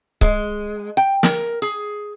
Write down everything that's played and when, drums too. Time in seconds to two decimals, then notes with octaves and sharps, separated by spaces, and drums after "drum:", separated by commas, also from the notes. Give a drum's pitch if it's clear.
0.21 G#3, drum: kick C#1
0.97 G5
1.23 A#4, drum: snare
1.62 G#4